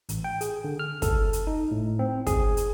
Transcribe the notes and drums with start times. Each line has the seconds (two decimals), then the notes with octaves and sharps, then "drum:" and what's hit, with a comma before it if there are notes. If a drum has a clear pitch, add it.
0.09 A1, drum: hi-hat
0.24 G5
0.41 G#4, drum: hi-hat
0.64 D3
0.79 F6
1.02 A4, drum: kick, hi-hat
1.33 drum: hi-hat
1.47 D#4
1.71 A2
1.99 C4
2.27 G#4, drum: kick, hi-hat
2.57 drum: hi-hat